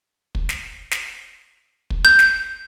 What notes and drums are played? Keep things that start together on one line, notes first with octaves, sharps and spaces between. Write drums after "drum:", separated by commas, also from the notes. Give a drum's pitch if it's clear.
drum: kick
drum: snare
drum: snare
drum: kick
G6
drum: snare